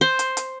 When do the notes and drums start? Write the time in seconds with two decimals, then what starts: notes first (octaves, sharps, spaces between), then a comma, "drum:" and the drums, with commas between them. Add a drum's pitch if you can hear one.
0.01 C5
0.19 drum: hi-hat
0.37 drum: hi-hat